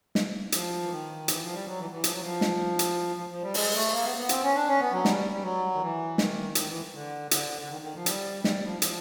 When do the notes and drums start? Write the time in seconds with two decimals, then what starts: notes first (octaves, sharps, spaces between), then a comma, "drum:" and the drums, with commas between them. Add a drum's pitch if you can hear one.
0.15 drum: snare
0.52 F3, drum: hi-hat
0.83 E3
0.90 D#3
1.28 E3, drum: hi-hat
1.41 F3
1.53 G3
1.66 F#3
1.79 E3
1.90 E3
2.04 F3, drum: hi-hat
2.12 F#3
2.21 F3
2.41 drum: snare
2.79 drum: hi-hat
3.16 F3
3.30 F3
3.42 G3
3.54 G#3, drum: open hi-hat
3.73 A3
3.92 A#3
4.05 B3
4.17 B3
4.29 C4, drum: hi-hat
4.43 C#4
4.55 D4
4.67 C#4
4.80 B3
4.92 F#3
5.05 G3, drum: snare
5.31 G3
5.43 F#3
5.74 D#3
5.80 E3
6.18 D#3, drum: snare
6.55 D#3, drum: hi-hat
6.68 E3
6.93 D3
7.31 D3, drum: hi-hat
7.61 D3
7.69 D#3
7.81 D#3
7.94 F3
8.06 G3, drum: hi-hat
8.44 G3, drum: snare
8.63 F3
8.82 F3, drum: hi-hat